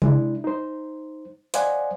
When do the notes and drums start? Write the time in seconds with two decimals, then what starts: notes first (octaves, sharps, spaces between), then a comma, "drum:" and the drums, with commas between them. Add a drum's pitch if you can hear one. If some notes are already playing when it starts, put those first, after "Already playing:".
0.02 G#3 D4 E4, drum: tom C3
0.44 D#4 C5
1.54 C5 D5 D#5 F5 F#5 G#5, drum: hi-hat